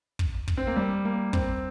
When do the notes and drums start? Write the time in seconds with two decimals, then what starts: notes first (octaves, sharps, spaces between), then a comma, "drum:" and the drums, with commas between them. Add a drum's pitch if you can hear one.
0.19 drum: kick
0.48 drum: kick
0.57 C4
0.67 A#3
0.76 G3
1.05 A#3
1.33 C4, drum: kick